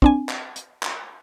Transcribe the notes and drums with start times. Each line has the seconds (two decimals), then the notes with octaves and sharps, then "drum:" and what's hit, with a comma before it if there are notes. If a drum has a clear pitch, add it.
0.02 C4 D4 G#5, drum: kick
0.29 drum: clap
0.56 drum: hi-hat
0.83 drum: clap